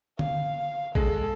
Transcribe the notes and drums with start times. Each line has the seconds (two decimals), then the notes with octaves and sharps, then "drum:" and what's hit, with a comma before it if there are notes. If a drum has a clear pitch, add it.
0.19 F5, drum: tom D3
0.95 G#3 A4, drum: kick